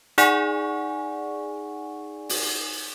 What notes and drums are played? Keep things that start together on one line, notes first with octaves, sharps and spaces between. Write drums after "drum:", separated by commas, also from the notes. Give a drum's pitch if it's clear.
D#4 G#4 D5 F#5 G#5 C#6, drum: hi-hat
drum: open hi-hat